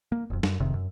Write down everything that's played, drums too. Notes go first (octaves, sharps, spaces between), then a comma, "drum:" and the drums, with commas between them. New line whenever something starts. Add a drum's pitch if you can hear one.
A#3
E1 F2
F#2, drum: snare
E1 F2 C3 D#3
F#2